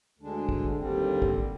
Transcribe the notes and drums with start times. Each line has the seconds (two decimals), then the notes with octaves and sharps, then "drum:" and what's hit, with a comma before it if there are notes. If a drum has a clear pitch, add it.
0.19 D2 D3 G#3 D4
0.49 drum: kick
0.78 D#2 D3 G3 C4
1.22 drum: kick